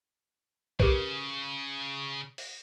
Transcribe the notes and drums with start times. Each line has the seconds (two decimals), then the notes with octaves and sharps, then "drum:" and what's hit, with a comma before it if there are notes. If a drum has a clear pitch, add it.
0.80 C#3 G4 A#4 B4, drum: kick
2.38 drum: open hi-hat